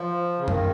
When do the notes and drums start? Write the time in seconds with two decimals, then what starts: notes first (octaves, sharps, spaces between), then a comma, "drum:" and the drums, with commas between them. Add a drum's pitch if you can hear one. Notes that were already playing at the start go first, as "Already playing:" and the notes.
Already playing: F3
0.39 C#3
0.48 D#3, drum: tom F#2